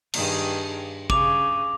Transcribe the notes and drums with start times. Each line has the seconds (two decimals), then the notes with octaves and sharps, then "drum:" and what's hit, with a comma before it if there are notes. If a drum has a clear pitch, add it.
0.14 G2 D#3 G#4, drum: cymbal
1.10 C#3 D6 F7, drum: kick